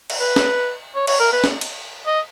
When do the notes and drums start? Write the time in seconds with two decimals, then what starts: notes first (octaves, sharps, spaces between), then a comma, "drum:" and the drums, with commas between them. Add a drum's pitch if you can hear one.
0.10 drum: cymbal
0.20 B4
0.36 drum: snare
0.95 C#5
1.07 C#5, drum: cymbal
1.20 A#4
1.32 B4
1.44 drum: snare
1.61 drum: cymbal
2.07 D#5